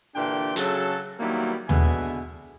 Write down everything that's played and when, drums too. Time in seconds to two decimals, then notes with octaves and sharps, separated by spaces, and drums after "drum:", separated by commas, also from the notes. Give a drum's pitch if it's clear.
0.15 A#2 D3 E3 D4 G4 G5
0.56 C#3 F#3 A4, drum: hi-hat
1.20 D#3 F#3 G3 A#3 B3 E4
1.69 B2 D3 G#3 B3 E5 G#5, drum: tom D#2